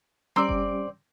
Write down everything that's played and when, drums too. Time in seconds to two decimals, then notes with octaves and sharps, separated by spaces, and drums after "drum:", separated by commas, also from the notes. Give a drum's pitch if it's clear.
0.36 G3 C4 C#4 G4 D5 A#5 C6 E6
0.49 drum: kick F#1